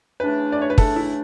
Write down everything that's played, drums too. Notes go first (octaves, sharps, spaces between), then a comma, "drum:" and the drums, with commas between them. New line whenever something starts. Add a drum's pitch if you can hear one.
C#3 E3 A3 D4 B4
D5
C#5
B4
C#3 E3 A3 D4 A4, drum: kick
E4